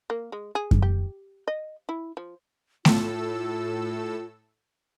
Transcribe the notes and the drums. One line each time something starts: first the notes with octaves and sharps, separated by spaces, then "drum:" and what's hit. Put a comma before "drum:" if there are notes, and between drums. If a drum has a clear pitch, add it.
A#3
G#3
G#4
drum: kick F#2
G4
D#5
E4
F3
A2 F4 A4 E6, drum: snare A3